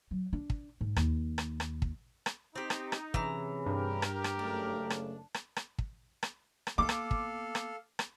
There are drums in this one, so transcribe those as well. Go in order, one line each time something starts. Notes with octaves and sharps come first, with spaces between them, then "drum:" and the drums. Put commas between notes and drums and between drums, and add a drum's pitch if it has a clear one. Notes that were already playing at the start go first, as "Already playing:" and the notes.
F#3
D4
drum: kick
G#2
D#2, drum: rim click
drum: rim click
drum: rim click
drum: kick
drum: rim click
C4 D#4 G4
drum: rim click
drum: rim click
C3 E3 C#4 G#4 A#5, drum: kick
G2 G4 A#4
drum: rim click
drum: rim click
F#1 C#3 A3 D4
drum: rim click
drum: rim click
drum: rim click
drum: kick
drum: rim click
drum: rim click
A#3 B3 A4 F5 D6
drum: rim click
drum: kick
drum: rim click
drum: rim click